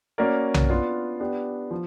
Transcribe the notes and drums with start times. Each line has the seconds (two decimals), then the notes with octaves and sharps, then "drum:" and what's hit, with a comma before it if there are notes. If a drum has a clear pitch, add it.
0.18 A#3 C#4 F#4 A#4 D5
0.54 drum: tom B1
0.69 B3 D4 F4
1.20 B3 D4 G4
1.71 F3